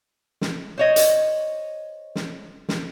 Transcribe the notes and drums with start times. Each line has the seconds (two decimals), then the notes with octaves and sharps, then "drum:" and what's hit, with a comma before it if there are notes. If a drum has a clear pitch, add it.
0.41 drum: snare
0.78 C5 C#5 D#5
0.96 drum: hi-hat
2.15 drum: snare
2.69 drum: snare